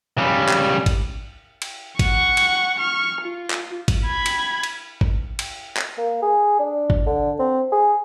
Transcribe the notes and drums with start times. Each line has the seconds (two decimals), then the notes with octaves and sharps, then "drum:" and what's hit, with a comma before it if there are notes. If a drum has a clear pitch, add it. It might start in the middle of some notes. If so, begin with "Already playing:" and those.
0.18 C#3 G3
0.49 drum: clap
0.86 drum: kick G#1, cymbal
1.62 drum: cymbal
1.99 F#5 C#6, drum: kick G#1, cymbal
2.37 drum: cymbal
2.79 C#6 F6
3.21 F4
3.50 drum: clap
3.88 drum: kick G#1, cymbal
4.06 B5 G#6
4.26 drum: cymbal
4.63 drum: cymbal
5.01 drum: kick G#1
5.39 drum: cymbal
5.77 drum: clap
5.98 A#3
6.22 G#4
6.60 D4
6.90 drum: kick G#1
7.06 D3
7.39 C4
7.72 G#4